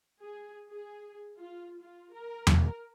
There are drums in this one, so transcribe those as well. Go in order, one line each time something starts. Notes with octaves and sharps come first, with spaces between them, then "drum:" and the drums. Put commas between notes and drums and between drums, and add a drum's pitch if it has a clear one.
G#4
G#4
F4
F4
A#4
drum: tom E2